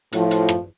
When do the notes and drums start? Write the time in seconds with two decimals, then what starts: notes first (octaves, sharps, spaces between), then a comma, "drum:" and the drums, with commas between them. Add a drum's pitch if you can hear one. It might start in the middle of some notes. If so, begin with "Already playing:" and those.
0.12 A2 F3, drum: hi-hat
0.31 drum: hi-hat
0.49 drum: rim click